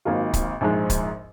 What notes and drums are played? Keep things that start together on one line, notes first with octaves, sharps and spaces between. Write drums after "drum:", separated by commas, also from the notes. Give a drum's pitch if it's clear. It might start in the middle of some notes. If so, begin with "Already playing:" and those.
G#1 G#2 F#3 A#3 F4
drum: kick C#1, hi-hat
A#1 G#2 F3 G#3 D#4
drum: kick C#1, hi-hat